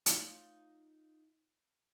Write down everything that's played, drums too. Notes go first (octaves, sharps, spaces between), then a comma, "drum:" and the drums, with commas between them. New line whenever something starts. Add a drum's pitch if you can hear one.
D#4 F4 D#5, drum: hi-hat